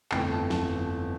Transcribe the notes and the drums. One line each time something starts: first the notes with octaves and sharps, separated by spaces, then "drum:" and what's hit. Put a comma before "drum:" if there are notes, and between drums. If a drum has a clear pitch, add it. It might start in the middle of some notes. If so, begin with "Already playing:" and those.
G1 F2 E3 A3 G5, drum: clap
A5
A5, drum: snare